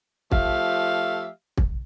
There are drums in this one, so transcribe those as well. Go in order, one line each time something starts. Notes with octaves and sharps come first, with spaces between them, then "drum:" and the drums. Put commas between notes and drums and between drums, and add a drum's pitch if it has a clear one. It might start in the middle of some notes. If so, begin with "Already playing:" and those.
F3 A3 G4 E5 F5, drum: kick
drum: kick